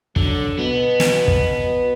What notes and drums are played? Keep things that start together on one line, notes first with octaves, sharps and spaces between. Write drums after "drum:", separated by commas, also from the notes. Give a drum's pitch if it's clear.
D3 F#3, drum: kick
B2 B3
drum: snare
drum: kick